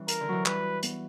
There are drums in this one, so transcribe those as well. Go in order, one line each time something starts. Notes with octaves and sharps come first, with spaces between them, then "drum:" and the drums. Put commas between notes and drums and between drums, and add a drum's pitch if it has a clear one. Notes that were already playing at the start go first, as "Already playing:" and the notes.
Already playing: E3 G3 C#4
A#4, drum: hi-hat
D3
E3 F#3
G3 B4, drum: clap
B3, drum: hi-hat